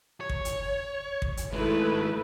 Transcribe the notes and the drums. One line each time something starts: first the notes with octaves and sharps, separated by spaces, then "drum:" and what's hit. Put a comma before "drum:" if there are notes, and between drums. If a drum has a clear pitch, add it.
C#5
drum: kick
drum: hi-hat
drum: kick
drum: hi-hat
D#3 G#3 A3 E4 B4